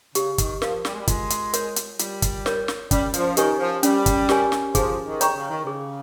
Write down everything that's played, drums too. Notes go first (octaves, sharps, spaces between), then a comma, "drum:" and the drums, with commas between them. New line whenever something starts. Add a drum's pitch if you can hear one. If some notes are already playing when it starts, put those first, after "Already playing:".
C#3 G4, drum: hi-hat
D#3, drum: kick, hi-hat
F3 A#4 F5, drum: snare
G3, drum: snare
G#3
G3
G#3 F4, drum: kick, hi-hat
drum: hi-hat
A#4 C#5, drum: hi-hat
drum: hi-hat
G3 F4, drum: hi-hat
drum: kick, hi-hat
A#4 C#5, drum: snare
drum: snare
G3 C#4, drum: kick, hi-hat
F3, drum: hi-hat
D#3 G4 A#4 C#5 G#5, drum: hi-hat
F3
G3 C#4, drum: hi-hat
drum: kick, hi-hat
G4 A#4 C#5 G#5, drum: snare
drum: snare
F3 G#4, drum: kick, hi-hat
D#3
C#5 G5 A#5 C#6, drum: hi-hat
C#3
D#3
C#3 G#4